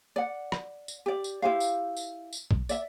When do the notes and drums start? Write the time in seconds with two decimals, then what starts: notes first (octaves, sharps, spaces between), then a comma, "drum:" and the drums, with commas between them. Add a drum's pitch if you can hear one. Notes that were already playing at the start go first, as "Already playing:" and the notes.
0.16 D5 F#5
0.52 drum: rim click
0.88 drum: tambourine
1.06 G4 D5
1.24 drum: tambourine
1.42 E4 G4 C5 F5
1.60 drum: tambourine
1.96 drum: tambourine
2.33 drum: tambourine
2.51 drum: kick B1
2.69 D5 E5, drum: tambourine